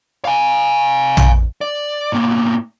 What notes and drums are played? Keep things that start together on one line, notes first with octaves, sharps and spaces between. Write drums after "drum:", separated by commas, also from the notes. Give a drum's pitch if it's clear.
F5 G#5
drum: tom A#1
D5
A2 A#3